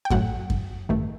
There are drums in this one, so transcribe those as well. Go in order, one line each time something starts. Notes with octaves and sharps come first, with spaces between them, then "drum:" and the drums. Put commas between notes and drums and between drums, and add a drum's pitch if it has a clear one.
G5
A1 A2 F#3 A3 F#5, drum: kick F#2
drum: kick F#2
A1 G2 D#3 A3